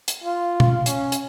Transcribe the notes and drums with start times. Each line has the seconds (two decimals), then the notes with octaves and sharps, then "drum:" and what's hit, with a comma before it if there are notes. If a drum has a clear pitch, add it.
0.08 drum: hi-hat
0.24 F4
0.60 drum: tom B2
0.86 C#4, drum: hi-hat
1.12 drum: hi-hat